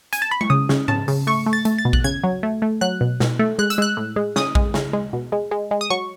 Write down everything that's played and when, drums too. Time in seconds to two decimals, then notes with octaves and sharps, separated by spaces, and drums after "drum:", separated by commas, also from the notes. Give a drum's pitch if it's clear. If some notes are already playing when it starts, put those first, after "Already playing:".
0.13 G#5, drum: hi-hat
0.22 A5
0.31 B5
0.41 C#6, drum: tom G#3
0.50 C#3 D#6
0.69 C#3, drum: snare
0.88 C#3 A5, drum: tom G#2
1.08 C#3, drum: open hi-hat
1.27 A3 C#6
1.46 A3
1.53 A6
1.65 A3, drum: hi-hat
1.78 A6
1.85 B2
1.93 F#6, drum: kick A#1
2.04 C#3 G#6
2.24 F#3
2.43 A3
2.62 A3
2.81 F#3 F#6
3.01 B2
3.20 B2, drum: snare
3.39 A3
3.59 G#3 F#6
3.70 E6, drum: hi-hat
3.78 G#3 F#6
3.97 A2
4.16 G#3
4.36 C#3 D#6, drum: snare
4.55 G#3, drum: kick A#1
4.74 C#3, drum: snare
4.93 G#3
5.13 B2
5.32 G#3
5.51 G#3
5.71 G#3
5.81 D#6
5.90 F#3 C#6